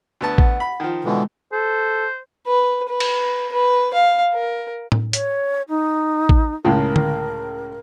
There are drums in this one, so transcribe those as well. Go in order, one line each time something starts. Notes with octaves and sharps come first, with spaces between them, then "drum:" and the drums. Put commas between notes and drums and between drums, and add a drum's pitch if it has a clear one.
D2 B3 A5
F#5, drum: kick A1
B5
D#3 F3
B2 D3 E3 G#3
A4 C5
B4
B4
drum: cymbal
B4
F5
A#4
drum: tom A2
C#5, drum: hi-hat
D#4
drum: kick A1
C#2 A2 C#3 A#4
drum: tom D3